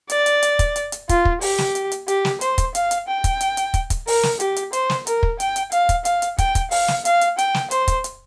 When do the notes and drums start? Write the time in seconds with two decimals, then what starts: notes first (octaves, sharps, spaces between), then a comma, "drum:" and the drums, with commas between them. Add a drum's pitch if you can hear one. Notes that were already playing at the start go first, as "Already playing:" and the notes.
0.10 D5, drum: hi-hat
0.26 drum: hi-hat
0.43 drum: hi-hat
0.59 drum: kick, hi-hat
0.76 drum: hi-hat
0.92 drum: hi-hat
1.09 F4, drum: kick, hi-hat
1.25 drum: kick
1.41 G4, drum: open hi-hat
1.58 drum: snare
1.75 drum: hi-hat
1.92 drum: hi-hat
2.08 G4, drum: hi-hat
2.25 drum: snare
2.41 C5, drum: hi-hat
2.58 drum: kick, hi-hat
2.75 F5, drum: hi-hat
2.91 drum: hi-hat
3.07 G5
3.24 drum: kick, hi-hat
3.41 drum: hi-hat
3.57 drum: hi-hat
3.74 drum: kick, hi-hat
3.90 drum: kick, hi-hat
4.07 A#4, drum: open hi-hat
4.23 drum: snare
4.40 G4, drum: hi-hat
4.56 drum: hi-hat
4.73 C5, drum: hi-hat
4.90 drum: snare
5.07 A#4, drum: hi-hat
5.23 drum: kick
5.40 G5, drum: hi-hat
5.56 drum: hi-hat
5.72 F5, drum: hi-hat
5.89 drum: kick, hi-hat
6.05 F5, drum: hi-hat
6.22 drum: hi-hat
6.38 G5, drum: kick, hi-hat
6.55 drum: kick, hi-hat
6.71 F5, drum: open hi-hat
6.88 drum: snare
7.05 F5, drum: hi-hat
7.21 drum: hi-hat
7.38 G5, drum: hi-hat
7.54 drum: snare
7.71 C5, drum: hi-hat
7.88 drum: kick, hi-hat
8.04 drum: hi-hat